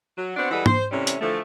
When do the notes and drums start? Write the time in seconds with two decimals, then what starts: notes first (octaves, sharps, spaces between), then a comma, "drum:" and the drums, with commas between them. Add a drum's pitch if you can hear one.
0.17 F#3
0.36 B3 C4 D4 F#4 C5 D5
0.51 E3 G3 G#3 A4 B4 F#5
0.66 C5, drum: tom G#2
0.91 C3 E3 G3 A3 C#4
1.07 drum: hi-hat
1.21 D3 E3 F3 A3